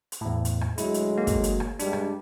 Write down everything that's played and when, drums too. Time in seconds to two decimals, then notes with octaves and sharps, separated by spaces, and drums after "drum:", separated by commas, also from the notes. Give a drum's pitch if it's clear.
0.12 drum: hi-hat
0.21 E2 A2
0.45 drum: hi-hat
0.61 drum: rim click
0.78 D2 F#3 G#3 E4, drum: hi-hat
0.94 drum: hi-hat
1.18 A#3
1.27 drum: kick, hi-hat
1.44 drum: hi-hat
1.60 drum: rim click
1.79 G2 G3 G#3 D4, drum: hi-hat
1.93 drum: rim click